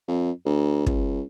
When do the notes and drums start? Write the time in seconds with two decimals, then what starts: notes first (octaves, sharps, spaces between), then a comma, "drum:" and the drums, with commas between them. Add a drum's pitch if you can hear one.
0.08 F2
0.45 D2
0.86 C#2, drum: kick